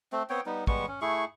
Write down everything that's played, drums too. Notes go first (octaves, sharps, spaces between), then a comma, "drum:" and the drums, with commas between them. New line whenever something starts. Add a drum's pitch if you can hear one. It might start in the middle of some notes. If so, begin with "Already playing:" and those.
A3 C4
B3 C4 C#5 G5
G3 B3 D#4
G3 G#3 B3 C#6, drum: kick
C#4
A3 E4 G#4 C#6